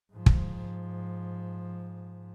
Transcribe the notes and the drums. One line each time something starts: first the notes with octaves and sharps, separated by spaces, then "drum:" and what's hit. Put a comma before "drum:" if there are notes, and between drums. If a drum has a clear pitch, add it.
G#2 F3
drum: kick